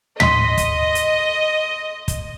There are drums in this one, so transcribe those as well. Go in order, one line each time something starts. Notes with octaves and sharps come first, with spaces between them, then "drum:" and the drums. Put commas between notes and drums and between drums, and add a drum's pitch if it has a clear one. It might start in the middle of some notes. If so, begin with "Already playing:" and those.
D#5 C6 B6, drum: tom
drum: kick, hi-hat
drum: hi-hat
drum: kick, hi-hat